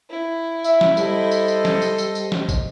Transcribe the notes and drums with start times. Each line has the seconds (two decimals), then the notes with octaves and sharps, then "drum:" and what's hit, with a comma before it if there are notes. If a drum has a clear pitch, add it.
0.10 E4
0.64 E5, drum: tambourine
0.81 drum: snare
0.97 G3 A4 C5 D#5, drum: tambourine
1.31 drum: tambourine
1.48 drum: tambourine
1.65 drum: snare
1.82 drum: tambourine
1.98 drum: tambourine
2.15 drum: tambourine
2.32 drum: snare
2.49 drum: kick, tambourine